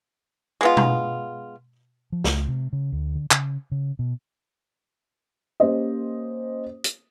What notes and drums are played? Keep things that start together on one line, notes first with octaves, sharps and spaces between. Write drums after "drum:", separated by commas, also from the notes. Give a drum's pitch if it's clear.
G#3 B3 F4
drum: tom B2
F3
C#2, drum: snare
C3
C#3
D2
D3
C#3, drum: clap
C#3
B2
A#3 C#4 G4 C5 D#5
drum: hi-hat